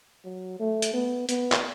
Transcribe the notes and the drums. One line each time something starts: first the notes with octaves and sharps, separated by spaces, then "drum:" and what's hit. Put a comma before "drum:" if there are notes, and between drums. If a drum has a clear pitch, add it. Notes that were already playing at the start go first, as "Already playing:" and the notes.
F#3
A3
drum: hi-hat
B3
B3, drum: hi-hat
drum: clap